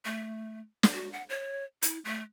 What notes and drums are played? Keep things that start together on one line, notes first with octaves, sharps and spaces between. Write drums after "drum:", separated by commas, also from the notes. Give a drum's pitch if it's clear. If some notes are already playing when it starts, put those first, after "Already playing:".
A3
drum: snare
F#4
F#5
C#5
E4, drum: hi-hat
A3